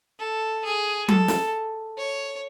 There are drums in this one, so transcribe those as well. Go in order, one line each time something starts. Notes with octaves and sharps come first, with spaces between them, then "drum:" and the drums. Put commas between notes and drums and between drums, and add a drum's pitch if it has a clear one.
A4
G#4
A4, drum: tom F#3
drum: snare
C#5